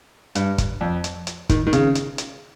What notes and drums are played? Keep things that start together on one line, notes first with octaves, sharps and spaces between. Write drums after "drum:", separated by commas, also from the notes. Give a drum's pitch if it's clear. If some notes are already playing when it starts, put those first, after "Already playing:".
G2, drum: hi-hat
drum: kick, hi-hat
F2
drum: hi-hat
drum: hi-hat
D#3, drum: kick, hi-hat
D#3
C#3, drum: hi-hat
drum: hi-hat
drum: hi-hat